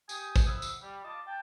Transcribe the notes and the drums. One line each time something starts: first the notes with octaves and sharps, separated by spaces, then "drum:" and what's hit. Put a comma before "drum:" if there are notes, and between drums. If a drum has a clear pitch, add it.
G4 G#5 D#6, drum: tambourine
drum: kick, tambourine
F2 E4 F#5 D#6 E6
drum: tambourine
G3
F4 D#5 A5 D6
G5 A5